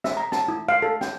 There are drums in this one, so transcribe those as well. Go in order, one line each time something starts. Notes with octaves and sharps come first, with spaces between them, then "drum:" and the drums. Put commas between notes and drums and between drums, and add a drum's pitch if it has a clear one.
E5, drum: snare
A#5
A5, drum: snare
E4
F5
A4
G5, drum: snare